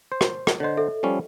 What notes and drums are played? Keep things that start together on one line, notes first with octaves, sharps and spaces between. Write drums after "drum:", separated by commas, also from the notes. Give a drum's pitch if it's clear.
C5
drum: rim click
drum: rim click
D3 C5 C#5 D#5
A4 E5
F3 G3 C#4